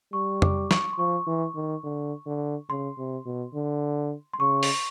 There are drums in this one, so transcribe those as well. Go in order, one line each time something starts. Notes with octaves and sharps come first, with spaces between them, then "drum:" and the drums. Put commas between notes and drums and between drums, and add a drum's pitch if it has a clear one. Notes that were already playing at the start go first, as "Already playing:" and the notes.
G3 C#6
D6, drum: tom F2
C#6, drum: snare
C6
F3 C#6
E3
D#3
D3
D3
C#3 C6
C3
B2
D3
C6
C#3 C#6
drum: open hi-hat